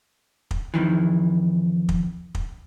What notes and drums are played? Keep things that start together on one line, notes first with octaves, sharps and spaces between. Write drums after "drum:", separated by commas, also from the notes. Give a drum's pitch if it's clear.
drum: kick
F2 A#2 D#3 E3
drum: kick
drum: kick